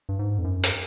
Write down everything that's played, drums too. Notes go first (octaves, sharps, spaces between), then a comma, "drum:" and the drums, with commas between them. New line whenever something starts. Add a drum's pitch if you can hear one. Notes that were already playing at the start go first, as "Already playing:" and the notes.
G2
G#2
F2
F#2
drum: hi-hat